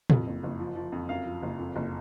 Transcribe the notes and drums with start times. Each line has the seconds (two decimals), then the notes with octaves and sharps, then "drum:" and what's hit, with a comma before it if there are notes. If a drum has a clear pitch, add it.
0.10 F2, drum: tom
0.27 F#1
0.43 F#1
0.60 F3
0.76 F3
0.92 F2
1.09 F#2 F5
1.26 F3
1.42 F#1
1.59 F2
1.76 F#1